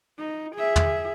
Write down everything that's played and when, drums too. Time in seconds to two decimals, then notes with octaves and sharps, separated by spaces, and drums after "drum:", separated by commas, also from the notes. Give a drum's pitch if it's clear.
0.19 D#4
0.55 G#4 E5
0.76 drum: tom